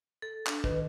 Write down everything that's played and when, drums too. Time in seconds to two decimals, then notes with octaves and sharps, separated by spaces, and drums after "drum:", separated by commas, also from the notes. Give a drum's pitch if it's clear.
0.22 A4
0.47 D4, drum: clap
0.64 D#3 B4, drum: kick